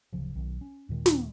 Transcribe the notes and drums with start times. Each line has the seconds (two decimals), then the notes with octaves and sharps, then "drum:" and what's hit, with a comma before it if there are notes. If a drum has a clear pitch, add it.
0.13 D1 C#3 F3
0.35 B1 D#3
0.61 C#4
0.89 D#2 A#2 D#3 G#3
1.06 drum: snare